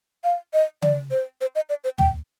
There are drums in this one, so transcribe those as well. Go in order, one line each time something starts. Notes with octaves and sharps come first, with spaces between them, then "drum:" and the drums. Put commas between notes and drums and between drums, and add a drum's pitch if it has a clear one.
F5
D#5
D5, drum: tom C#3
C5
C5
D#5
D5
C5
G5, drum: tom